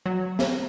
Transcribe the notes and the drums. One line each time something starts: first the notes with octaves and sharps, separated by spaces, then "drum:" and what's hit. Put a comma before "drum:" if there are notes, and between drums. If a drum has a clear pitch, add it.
F#3
drum: snare